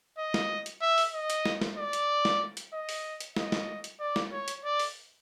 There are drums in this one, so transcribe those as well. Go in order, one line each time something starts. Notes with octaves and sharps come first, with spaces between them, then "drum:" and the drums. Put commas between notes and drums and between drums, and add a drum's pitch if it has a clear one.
D#5
drum: snare
drum: hi-hat
E5
drum: open hi-hat
D#5
drum: hi-hat
drum: snare
drum: snare
D5
drum: hi-hat
drum: snare
drum: hi-hat
D#5
drum: open hi-hat
drum: hi-hat
D#5, drum: snare
drum: snare
drum: hi-hat
D5
drum: snare
C#5
drum: hi-hat
D5
drum: open hi-hat